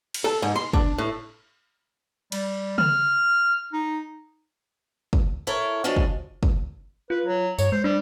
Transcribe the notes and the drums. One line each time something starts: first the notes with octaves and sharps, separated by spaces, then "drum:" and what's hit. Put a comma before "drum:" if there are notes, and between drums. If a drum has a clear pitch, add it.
drum: cymbal
A4
G#2
C6
D4, drum: kick
A2
G3, drum: cymbal
F6, drum: tom C#3
D#4
drum: kick
E4 A4 A#4 C#5
F3 F#3 G#3 D4
drum: kick
drum: kick
F4 B4
F#3
G2 C#5, drum: tambourine
G#3 C5
G3 D4